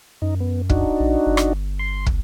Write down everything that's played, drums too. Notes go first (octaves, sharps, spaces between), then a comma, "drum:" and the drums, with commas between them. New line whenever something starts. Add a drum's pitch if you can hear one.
F#2 D#4
B3
D4 D#4 F#4, drum: kick
A#1
G1
drum: rim click
C6
drum: kick